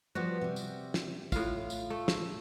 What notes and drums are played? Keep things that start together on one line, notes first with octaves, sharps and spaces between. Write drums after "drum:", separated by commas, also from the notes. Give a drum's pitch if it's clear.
F3 G3 B3 F#4
C3 G3
drum: tambourine
drum: snare
A2 F4 F5, drum: kick, tambourine
drum: tambourine
A3
drum: snare